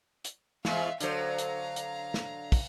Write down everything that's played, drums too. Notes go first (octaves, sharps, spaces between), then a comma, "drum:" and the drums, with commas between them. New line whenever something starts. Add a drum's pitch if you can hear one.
drum: hi-hat
E2 G#3 F4 E5 F5, drum: snare
D3 F#3 C5 F5 A#5, drum: hi-hat
drum: hi-hat
drum: hi-hat
drum: snare
drum: kick, open hi-hat